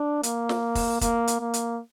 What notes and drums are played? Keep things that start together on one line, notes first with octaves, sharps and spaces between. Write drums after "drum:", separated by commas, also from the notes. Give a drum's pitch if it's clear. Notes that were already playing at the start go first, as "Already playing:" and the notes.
Already playing: D4
A#3, drum: hi-hat
drum: snare
drum: kick, open hi-hat
A#3, drum: kick, hi-hat
drum: hi-hat
A#3
drum: hi-hat